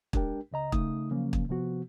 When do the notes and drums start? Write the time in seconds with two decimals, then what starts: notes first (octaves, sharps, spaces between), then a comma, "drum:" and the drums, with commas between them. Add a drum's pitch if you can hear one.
0.13 G#3 D4 G4 A#4 G5, drum: kick
0.52 C#2 C#3 D#5 A#5
0.72 C#3 A3 D#4 D#6, drum: kick
1.11 C#3 F3 F#3 A#3 C#4
1.33 drum: kick
1.49 C3 F3 B3 F#4